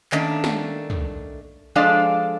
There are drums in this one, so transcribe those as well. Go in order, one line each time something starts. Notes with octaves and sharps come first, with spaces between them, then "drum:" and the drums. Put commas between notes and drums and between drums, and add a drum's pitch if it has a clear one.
D#3 A3 A#3 C#4 D4, drum: clap
drum: snare
drum: tom
F3 G#3 D4 A4 D5 F5